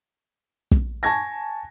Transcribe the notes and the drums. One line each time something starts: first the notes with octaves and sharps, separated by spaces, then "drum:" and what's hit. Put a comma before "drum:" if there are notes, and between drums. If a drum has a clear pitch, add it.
drum: kick
G#5 A5 C#6 G#6 A#6